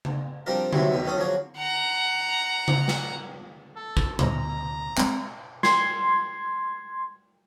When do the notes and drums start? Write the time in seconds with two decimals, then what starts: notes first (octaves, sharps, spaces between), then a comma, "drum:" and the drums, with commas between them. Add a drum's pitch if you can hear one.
0.05 drum: tom C#3
0.46 F3 G3 C4 D4 F4 A#4
0.73 C3 F#3 G3 A3 B3 E4, drum: tom D3
0.92 E2 B2 D#3 B3
1.05 F#2 D#3 C#4 A4 D#6
1.17 F3 F#3 A#3 F#4 G#4 C#5
1.57 F#5 A#5
2.68 drum: tom C#3
2.88 drum: snare
3.76 A4
3.97 drum: kick
4.19 D2 B2 A#5, drum: tom A#2
4.98 G#3 C4, drum: clap
5.63 C6 G#6, drum: snare